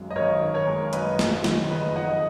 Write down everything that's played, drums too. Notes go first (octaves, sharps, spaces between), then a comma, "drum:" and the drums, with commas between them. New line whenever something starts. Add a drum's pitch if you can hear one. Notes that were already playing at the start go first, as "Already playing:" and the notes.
Already playing: G#1 F#2 D#3 G#3
D#5
G#1 A#4 C#5
D#3
A#4 C#5
G#3
F#2 B4 D#5, drum: hi-hat
G#1, drum: snare
D#3, drum: snare
F#1 B4 D#5
F2 D#5 F#5